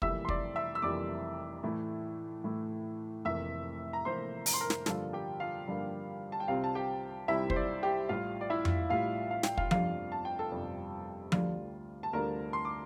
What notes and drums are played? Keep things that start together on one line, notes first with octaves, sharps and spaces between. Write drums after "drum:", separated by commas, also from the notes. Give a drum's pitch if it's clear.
F1 F2 E3 G3 A#3 E5 E6, drum: kick
C6
D5 D6, drum: kick
E5 E6
E6
F1 F2 E3 G3 A#3 D5 D6
A2 E3 A3 E4
A2 E3 A3 E4
F1 F2 E3 A#3 E5 E6
A#5
F1 F2 E3 A#3 C5 C6
A#5, drum: open hi-hat
C6
A#4 A#5
drum: snare
G2 D3 F3 A#3 F4 A4 A5, drum: snare
G4 G5
F4 F5
G2 D3 F3 A#3 F4
A5
G5
C2 C3 G3 C4 F4 F5
A5
G4 G5
C2 C3 G3 C4 E4 E5
C5, drum: kick
D5
G4 G5
A1 A2 G3 F4 F5
D5
E4 E5
drum: tom F2
A1 A2 G3 F4 F5
F5
G5, drum: snare
F4 F5, drum: kick
G1 F2 C3 G3 D4 F4 F5, drum: tom F3
A5
G5
A4 A5
G1 F2 C3 G3 D4
D2 D3 G3 D4 F4, drum: tom F3
A5
D2 D3 G3 D4 F4 A#4 A#5
C6
D6